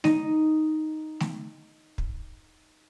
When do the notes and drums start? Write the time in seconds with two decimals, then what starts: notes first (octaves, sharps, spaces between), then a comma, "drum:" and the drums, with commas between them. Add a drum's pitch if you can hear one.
0.04 D#4 D#5, drum: snare A3
1.20 drum: snare A3
1.98 drum: kick